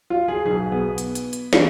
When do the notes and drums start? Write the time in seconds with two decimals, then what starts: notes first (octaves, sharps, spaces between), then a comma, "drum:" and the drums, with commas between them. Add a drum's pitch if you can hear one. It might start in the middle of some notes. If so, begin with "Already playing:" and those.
0.10 F4
0.28 G#4
0.45 B1 B2 G#4
0.72 B3
0.98 drum: hi-hat
1.15 drum: hi-hat
1.33 drum: hi-hat
1.53 E3, drum: snare